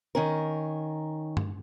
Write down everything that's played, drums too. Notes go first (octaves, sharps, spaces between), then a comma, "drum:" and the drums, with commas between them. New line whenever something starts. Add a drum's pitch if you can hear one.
D#3 C#4 A#4
drum: tom G2